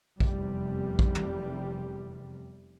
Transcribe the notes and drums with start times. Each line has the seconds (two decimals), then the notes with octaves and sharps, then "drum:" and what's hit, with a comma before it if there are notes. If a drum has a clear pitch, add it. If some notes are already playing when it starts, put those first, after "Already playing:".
0.20 F1 E2 C3 G3, drum: kick
0.99 drum: kick
1.15 drum: tom